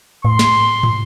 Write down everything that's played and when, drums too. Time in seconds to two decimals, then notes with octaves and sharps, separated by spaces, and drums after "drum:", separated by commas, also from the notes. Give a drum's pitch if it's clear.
0.25 A2 C6
0.39 drum: snare
0.83 drum: tom